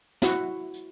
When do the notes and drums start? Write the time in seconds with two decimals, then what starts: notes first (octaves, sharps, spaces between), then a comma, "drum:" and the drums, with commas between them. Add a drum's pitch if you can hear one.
0.22 E4 F#4, drum: snare
0.74 drum: hi-hat